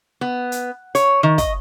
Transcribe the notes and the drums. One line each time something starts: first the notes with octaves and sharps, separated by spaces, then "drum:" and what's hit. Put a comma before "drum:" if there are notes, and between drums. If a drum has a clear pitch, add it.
B3
drum: hi-hat
C#5, drum: hi-hat
D#3
D#5, drum: kick, hi-hat